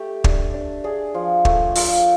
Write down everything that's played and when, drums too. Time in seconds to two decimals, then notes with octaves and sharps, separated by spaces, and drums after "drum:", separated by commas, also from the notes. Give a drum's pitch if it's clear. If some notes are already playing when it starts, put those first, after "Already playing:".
Already playing: A3 G4
0.24 D4, drum: kick
0.54 D4
0.84 D4 G#4
1.14 F3
1.45 A3, drum: kick
1.76 F4, drum: open hi-hat